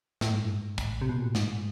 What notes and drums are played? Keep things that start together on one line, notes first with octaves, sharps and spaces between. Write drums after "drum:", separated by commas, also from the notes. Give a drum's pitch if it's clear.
A2, drum: snare
G#2
G2
G#2
A2, drum: kick, hi-hat
C3
B2
A#2
A2
G#2, drum: snare